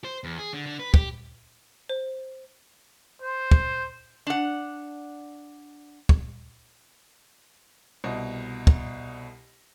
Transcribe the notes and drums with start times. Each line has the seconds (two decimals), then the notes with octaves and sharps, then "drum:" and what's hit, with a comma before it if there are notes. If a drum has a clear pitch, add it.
0.04 C5
0.24 E2
0.38 G#4
0.53 D3
0.66 D3
0.79 B4
0.94 G4, drum: kick
1.89 C5
3.22 C5
3.51 drum: kick
4.27 D4 F#5
6.09 drum: kick
8.04 C2 B2 D#5
8.67 drum: kick